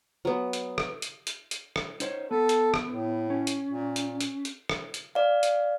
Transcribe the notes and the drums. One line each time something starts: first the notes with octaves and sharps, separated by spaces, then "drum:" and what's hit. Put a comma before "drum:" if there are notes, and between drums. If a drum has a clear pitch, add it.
F#3 B3
drum: hi-hat
drum: rim click
drum: hi-hat
drum: hi-hat
drum: hi-hat
drum: rim click
D#4 C5 C#5, drum: hi-hat
B3 A4
drum: hi-hat
drum: rim click
A2
C#4
drum: hi-hat
A#2
drum: hi-hat
drum: hi-hat
drum: hi-hat
drum: rim click
drum: hi-hat
D5 F5
drum: hi-hat